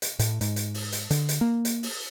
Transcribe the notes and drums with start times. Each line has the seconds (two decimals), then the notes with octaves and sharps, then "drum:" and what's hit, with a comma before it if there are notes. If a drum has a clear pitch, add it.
0.02 drum: hi-hat
0.19 A2, drum: hi-hat
0.41 G#2, drum: hi-hat
0.56 drum: hi-hat
0.74 drum: open hi-hat
0.92 drum: hi-hat
1.11 D3, drum: hi-hat
1.29 drum: hi-hat
1.41 A#3
1.65 drum: hi-hat
1.83 drum: open hi-hat